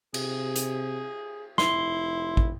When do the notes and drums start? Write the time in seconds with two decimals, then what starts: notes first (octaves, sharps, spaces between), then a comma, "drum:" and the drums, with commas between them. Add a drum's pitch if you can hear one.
0.14 C3 G#4, drum: cymbal
0.56 drum: hi-hat
1.58 F1 E4 C6, drum: snare
2.37 drum: kick